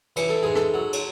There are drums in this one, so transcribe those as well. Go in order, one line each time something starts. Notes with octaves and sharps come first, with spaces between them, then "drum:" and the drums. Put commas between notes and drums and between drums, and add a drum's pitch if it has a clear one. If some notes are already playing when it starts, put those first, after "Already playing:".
E3, drum: cymbal
A4
G#2 G#4
A4, drum: rim click
F#3
drum: cymbal